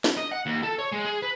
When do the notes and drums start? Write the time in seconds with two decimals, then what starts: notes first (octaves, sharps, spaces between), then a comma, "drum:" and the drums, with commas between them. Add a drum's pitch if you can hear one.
0.04 drum: snare
0.17 D#5
0.32 F#5
0.46 D#2
0.63 A4
0.79 C#5
0.92 G#3
1.05 G#4
1.22 B4